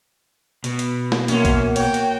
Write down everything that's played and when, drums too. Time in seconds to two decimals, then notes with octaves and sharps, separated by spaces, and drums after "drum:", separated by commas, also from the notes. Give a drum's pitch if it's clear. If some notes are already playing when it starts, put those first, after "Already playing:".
0.64 B2, drum: hi-hat
0.79 drum: hi-hat
1.12 drum: snare
1.28 F#2 A#3 C#4, drum: hi-hat
1.45 drum: kick A#1, hi-hat
1.76 F#4 C#5 G5, drum: hi-hat
1.94 drum: hi-hat